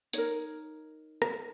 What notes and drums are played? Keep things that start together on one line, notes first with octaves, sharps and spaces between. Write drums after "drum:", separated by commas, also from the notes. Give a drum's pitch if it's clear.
D#4 A#4 C#5, drum: hi-hat
drum: rim click